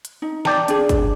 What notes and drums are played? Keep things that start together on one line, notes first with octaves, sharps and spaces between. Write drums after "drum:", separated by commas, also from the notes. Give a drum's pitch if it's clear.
drum: hi-hat
D#4
D5 G5 A5, drum: snare
D4 G#4, drum: hi-hat
drum: kick, hi-hat